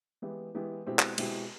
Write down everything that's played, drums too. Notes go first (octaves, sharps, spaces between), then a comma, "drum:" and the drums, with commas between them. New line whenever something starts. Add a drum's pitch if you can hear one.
E3 G#3 B3 E4 G4
E3 G#3 B3 E4 G4
B2 G#3 C4 E4 G4
drum: clap
B2 G#3 C4 E4 G4, drum: cymbal